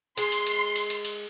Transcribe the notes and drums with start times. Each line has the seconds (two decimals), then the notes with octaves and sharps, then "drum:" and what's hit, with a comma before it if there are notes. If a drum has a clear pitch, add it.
0.18 G#3 C6, drum: cymbal
0.32 drum: cymbal
0.47 drum: cymbal
0.76 drum: cymbal
0.90 drum: cymbal
1.05 drum: cymbal